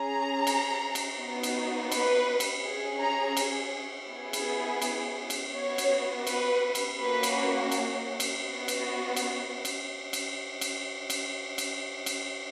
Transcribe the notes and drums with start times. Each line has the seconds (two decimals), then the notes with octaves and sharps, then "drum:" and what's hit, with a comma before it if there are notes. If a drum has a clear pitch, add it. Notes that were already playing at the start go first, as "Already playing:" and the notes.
Already playing: C#4 G#4 A#5
0.47 drum: cymbal
0.95 drum: cymbal
1.19 B3 D#4 F#4
1.43 drum: cymbal
1.92 B4, drum: cymbal
2.40 drum: cymbal
2.64 C#4 G#4
3.00 A#5
3.37 drum: cymbal
4.09 B3 E4 G#4
4.33 drum: cymbal
4.82 drum: cymbal
5.30 drum: cymbal
5.54 B3 F#4 C#5
5.78 drum: cymbal
6.27 B4, drum: cymbal
6.75 drum: cymbal
6.99 A#3 C#4 F#4 B4
7.23 drum: cymbal
7.71 drum: cymbal
8.20 drum: cymbal
8.44 B3 F#4
8.68 drum: cymbal
9.16 drum: cymbal
9.65 drum: cymbal
10.13 drum: cymbal
10.61 drum: cymbal
11.10 drum: cymbal
11.58 drum: cymbal
12.06 drum: cymbal